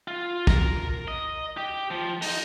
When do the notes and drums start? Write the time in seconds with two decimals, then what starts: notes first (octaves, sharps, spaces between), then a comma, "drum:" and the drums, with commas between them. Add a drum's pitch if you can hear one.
0.08 F4
0.47 A#4, drum: kick
1.08 D#5
1.57 G4
1.91 F3
2.22 D#4, drum: open hi-hat